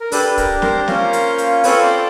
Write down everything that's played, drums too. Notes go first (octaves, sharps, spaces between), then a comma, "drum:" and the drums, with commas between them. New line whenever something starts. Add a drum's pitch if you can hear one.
A#4
D4 G4 A4 B4, drum: open hi-hat
B4
A#4, drum: kick, hi-hat
A#4 C5, drum: snare
A#3 C#4 F4 A#4 C5, drum: snare
drum: hi-hat
drum: hi-hat
C4 F4 A4 B4 C#5, drum: open hi-hat
C5 D5